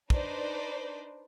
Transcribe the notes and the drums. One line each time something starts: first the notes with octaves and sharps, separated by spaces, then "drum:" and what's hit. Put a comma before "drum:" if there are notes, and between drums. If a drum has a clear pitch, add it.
D4 D#4 B4 C5 D5, drum: kick